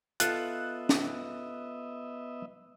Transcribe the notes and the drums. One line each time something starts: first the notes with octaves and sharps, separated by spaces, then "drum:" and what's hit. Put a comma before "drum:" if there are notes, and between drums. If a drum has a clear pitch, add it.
B3 F4 A4 D#5 E5 F#6, drum: hi-hat
drum: snare